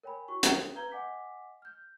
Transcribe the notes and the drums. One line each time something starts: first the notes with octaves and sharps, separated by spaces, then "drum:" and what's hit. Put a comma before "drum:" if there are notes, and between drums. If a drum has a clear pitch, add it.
A#4 C#5 G5 G#5 B5
E4 F#4 C#6
G5 D#6, drum: hi-hat
B4 F5 A#5 G6 G#6 G7
D#5 F#5 G#5 D6 B6
F6 G6